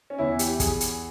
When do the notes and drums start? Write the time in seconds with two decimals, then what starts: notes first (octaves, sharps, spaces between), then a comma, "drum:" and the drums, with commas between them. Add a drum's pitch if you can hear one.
0.10 C#4
0.18 E2 E3 E4
0.39 G4, drum: hi-hat
0.60 G#4, drum: kick, hi-hat
0.81 drum: hi-hat